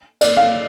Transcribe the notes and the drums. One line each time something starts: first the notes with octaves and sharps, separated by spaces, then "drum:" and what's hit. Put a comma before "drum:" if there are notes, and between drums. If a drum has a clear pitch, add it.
D5, drum: cymbal
F5